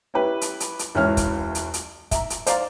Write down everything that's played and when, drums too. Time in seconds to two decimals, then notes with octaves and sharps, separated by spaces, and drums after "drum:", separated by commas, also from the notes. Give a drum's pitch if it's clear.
0.14 C#4 E4 G4 B4
0.41 drum: hi-hat
0.60 drum: hi-hat
0.79 drum: hi-hat
0.95 E1 C#2 E3 C#4 F6
1.17 drum: kick, hi-hat
1.55 drum: hi-hat
1.74 drum: hi-hat
2.11 E5 A#5, drum: kick, hi-hat
2.30 drum: hi-hat
2.47 C5 D5 F5 A#5, drum: hi-hat